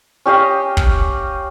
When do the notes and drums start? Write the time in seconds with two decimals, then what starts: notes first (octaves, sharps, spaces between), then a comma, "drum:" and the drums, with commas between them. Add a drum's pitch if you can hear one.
0.26 C#4 G4 D#5 F5
0.77 drum: kick